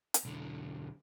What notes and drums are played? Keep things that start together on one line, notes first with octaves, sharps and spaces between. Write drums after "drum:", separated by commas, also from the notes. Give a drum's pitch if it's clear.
drum: hi-hat
B1 D3